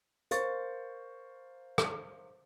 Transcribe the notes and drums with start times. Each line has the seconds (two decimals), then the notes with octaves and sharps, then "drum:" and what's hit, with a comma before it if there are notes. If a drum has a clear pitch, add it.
0.31 A#4 C5 F5 C#6 A6, drum: hi-hat
1.78 drum: rim click